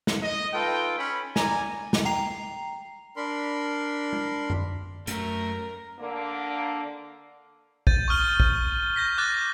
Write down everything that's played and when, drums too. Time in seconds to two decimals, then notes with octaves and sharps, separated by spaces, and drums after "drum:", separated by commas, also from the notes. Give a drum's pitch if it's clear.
0.07 drum: snare
0.23 D#5
0.54 D#4 F4 A4 B4 G5
0.99 C#4 B5
1.36 D5 G#5 A#5, drum: snare
1.93 drum: snare
2.05 G5 A#5 C7 F7
3.16 D4 A#4 B5 C6
4.13 drum: tom G#3
4.50 drum: tom F#2
5.07 F#2 A3 A#4, drum: hi-hat
5.99 D3 A#3
7.87 G6 A6 D#7, drum: kick
8.08 C#6 D#6 F6 G7
8.40 drum: kick
8.96 G6 A#6 B6
9.18 D6 F#6 A6